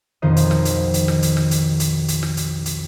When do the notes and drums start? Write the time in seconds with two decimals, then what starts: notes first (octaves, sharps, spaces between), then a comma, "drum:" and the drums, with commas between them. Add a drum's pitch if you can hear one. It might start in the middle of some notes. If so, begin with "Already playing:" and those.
0.22 B1 F2 D#3 C5 D#5
0.36 drum: hi-hat
0.51 drum: snare
0.65 drum: hi-hat
0.94 drum: hi-hat
1.08 drum: snare
1.22 drum: hi-hat
1.37 drum: snare
1.51 drum: hi-hat
1.80 drum: hi-hat
2.08 drum: hi-hat
2.23 drum: snare
2.37 drum: hi-hat
2.66 drum: hi-hat